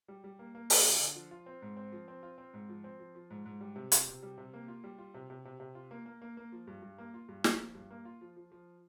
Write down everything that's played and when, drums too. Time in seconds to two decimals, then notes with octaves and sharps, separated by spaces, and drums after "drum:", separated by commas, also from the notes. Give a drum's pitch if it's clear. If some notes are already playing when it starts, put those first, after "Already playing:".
0.08 G3
0.24 G3
0.39 A#3
0.55 A#3
0.70 D3, drum: open hi-hat
0.85 D3
1.00 D3
1.15 F3
1.31 F4
1.46 C4
1.62 G#2
1.77 C4
1.92 F3
2.08 C4
2.23 F4
2.38 C4
2.54 G#2
2.69 F3
2.84 C4
3.00 F3
3.15 F3
3.30 G#2
3.46 G#2
3.60 G3
3.76 C3
3.92 F4, drum: hi-hat
4.07 C3
4.23 G3
4.38 C3
4.53 A#3
4.68 F4
4.84 G3
4.98 F4
5.14 C3
5.30 C3
5.45 C3
5.60 C3
5.75 F4
5.91 A#3
6.06 A#3
6.22 A#3
6.37 A#3
6.52 F3
6.67 G2
6.82 G2
6.98 A#3
7.14 F4
7.29 G2
7.44 A#3, drum: snare
7.60 F3
7.75 G2
7.90 A#3
8.05 F4
8.21 F3
8.36 F3
8.52 F3